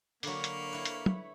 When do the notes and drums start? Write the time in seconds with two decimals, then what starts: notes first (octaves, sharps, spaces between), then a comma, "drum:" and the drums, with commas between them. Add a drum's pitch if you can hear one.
0.23 D3 F#3 A#3 C#5 B5, drum: open hi-hat
0.44 drum: hi-hat
0.73 E4 B4
0.85 drum: hi-hat
1.06 drum: tom